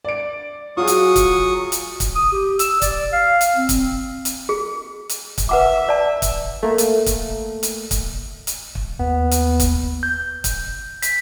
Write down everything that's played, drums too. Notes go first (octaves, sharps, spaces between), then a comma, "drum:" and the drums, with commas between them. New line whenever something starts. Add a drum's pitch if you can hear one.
D5 D7
F#3 F4 F#4 G#4 C#6 D#6
drum: hi-hat
drum: kick, hi-hat
drum: hi-hat
drum: kick, hi-hat
D#6
G4
E6, drum: hi-hat
D5, drum: kick, hi-hat
F5
drum: hi-hat
C4
drum: kick, hi-hat
drum: hi-hat
G#4
drum: hi-hat
drum: kick, hi-hat
B4 E5 F#5 D6
D5 A5
drum: kick, hi-hat
A3 A#3
drum: hi-hat
drum: kick, hi-hat
drum: hi-hat
drum: kick, hi-hat
drum: hi-hat
drum: kick
D#2 B3
drum: hi-hat
drum: kick, hi-hat
G6
drum: kick, hi-hat
B6, drum: hi-hat